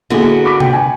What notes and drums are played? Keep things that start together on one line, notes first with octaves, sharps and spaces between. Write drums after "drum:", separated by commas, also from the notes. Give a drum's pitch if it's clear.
D3 A#3 B3 E4 F#4 G#4
B5 D6 B6
G5, drum: tom C3
G#5